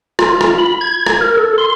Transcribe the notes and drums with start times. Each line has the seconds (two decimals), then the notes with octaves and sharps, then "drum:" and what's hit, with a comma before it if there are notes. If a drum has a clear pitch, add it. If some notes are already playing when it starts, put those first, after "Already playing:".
0.19 F4, drum: rim click
0.41 drum: rim click
0.58 B5
0.81 G#6
1.06 drum: rim click
1.21 A#4
1.37 A4
1.58 C6